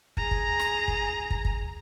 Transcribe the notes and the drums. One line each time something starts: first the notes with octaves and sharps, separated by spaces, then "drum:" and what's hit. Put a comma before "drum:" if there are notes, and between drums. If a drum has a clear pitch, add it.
G#4 A#5, drum: kick
drum: kick
drum: rim click
drum: kick
drum: kick
drum: kick